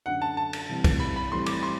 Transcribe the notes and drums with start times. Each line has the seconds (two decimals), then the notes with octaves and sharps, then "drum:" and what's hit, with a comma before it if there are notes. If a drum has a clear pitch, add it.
0.06 F#2 D3 A3 D4 F#5
0.22 A5
0.37 A5
0.53 drum: cymbal
0.69 C3 E3 G3
0.84 drum: kick, cymbal
1.00 B5
1.16 B5
1.31 A2 E3 G3 C4 C6
1.46 D6, drum: cymbal
1.63 C6